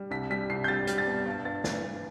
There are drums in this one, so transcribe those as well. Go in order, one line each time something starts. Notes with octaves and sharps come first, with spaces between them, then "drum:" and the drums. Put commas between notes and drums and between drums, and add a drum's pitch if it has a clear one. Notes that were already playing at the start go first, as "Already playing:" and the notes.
Already playing: G3
C2 B6
G3 B6
C2 C7
G6
G3 A6
G3, drum: hi-hat
A6
B2
G2
G2 A6
E3 A6, drum: snare
G2